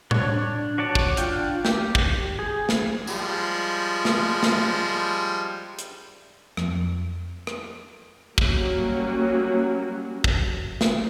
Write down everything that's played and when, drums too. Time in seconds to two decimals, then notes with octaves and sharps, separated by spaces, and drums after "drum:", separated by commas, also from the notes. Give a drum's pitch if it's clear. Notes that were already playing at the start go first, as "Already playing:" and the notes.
0.11 D4 C#5, drum: tom A2
0.34 D4
0.78 F#4 C#5 D5 A5
0.95 drum: kick
1.17 D4 F4 G5, drum: hi-hat
1.65 G4, drum: snare
1.95 drum: kick
2.39 G#4
2.69 drum: snare
3.07 F3 G3 G#3, drum: tambourine
4.05 drum: snare
4.43 drum: snare
5.79 drum: hi-hat
6.57 F2, drum: rim click
7.47 drum: rim click
8.38 F#3 G3 A#3 C#4 F#4, drum: kick
10.24 drum: kick
10.81 drum: snare